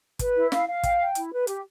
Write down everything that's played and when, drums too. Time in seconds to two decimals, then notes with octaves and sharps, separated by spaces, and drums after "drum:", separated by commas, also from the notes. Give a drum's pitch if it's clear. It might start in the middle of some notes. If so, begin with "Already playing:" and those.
0.19 B4, drum: kick, hi-hat
0.35 E4
0.52 F5, drum: snare
0.68 F5
0.83 G5, drum: kick, hi-hat
1.00 G5
1.15 E4, drum: hi-hat
1.32 B4
1.47 G4, drum: hi-hat